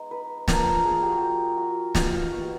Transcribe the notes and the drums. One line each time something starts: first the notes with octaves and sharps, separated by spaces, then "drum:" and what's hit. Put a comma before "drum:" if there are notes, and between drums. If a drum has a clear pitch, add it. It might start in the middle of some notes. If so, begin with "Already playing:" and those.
Already playing: G#3 B3 D#4
B4
F3 A#3 D4 A#4, drum: snare
G#4
G4
F#4
G4
F#4
G3 B3 D#4 F4, drum: snare
F4
F#4
G4